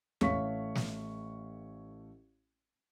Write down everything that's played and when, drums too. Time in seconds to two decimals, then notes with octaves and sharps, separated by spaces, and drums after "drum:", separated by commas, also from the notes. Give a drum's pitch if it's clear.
0.21 A1 A3 C#5 F5 C#6 B6, drum: tom E2
0.75 drum: snare